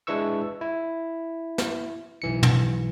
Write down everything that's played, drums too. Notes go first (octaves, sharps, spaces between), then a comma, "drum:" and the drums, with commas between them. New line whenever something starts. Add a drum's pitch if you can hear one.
G#3 D4 E4 B4 C#6 E6
E4
drum: snare
B1 E3 C#7
drum: tom